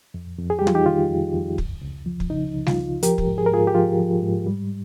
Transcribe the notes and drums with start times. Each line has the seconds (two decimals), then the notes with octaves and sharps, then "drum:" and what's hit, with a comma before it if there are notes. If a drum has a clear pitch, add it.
0.14 F2
0.38 F2
0.50 G#4
0.59 G3 G4
0.67 F4, drum: tom
0.75 D#4 G4
0.86 D#3 F4
1.10 F2
1.33 F2
1.58 C#2, drum: kick
1.82 C#2
2.06 F3
2.20 drum: kick
2.30 C#3 D#4
2.54 C#2
2.67 F4, drum: snare G3
2.78 C#2
3.03 F3 G4 A#4, drum: hi-hat
3.18 drum: kick
3.27 G#2
3.38 G#4
3.46 A#4
3.51 G#2 F4 G#4
3.67 G4
3.75 F3 F4
3.99 F3
4.22 G#2
4.46 G3